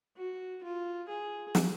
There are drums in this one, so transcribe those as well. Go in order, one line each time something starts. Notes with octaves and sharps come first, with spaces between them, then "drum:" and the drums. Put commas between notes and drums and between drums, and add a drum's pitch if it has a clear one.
F#4
F4
G#4
drum: snare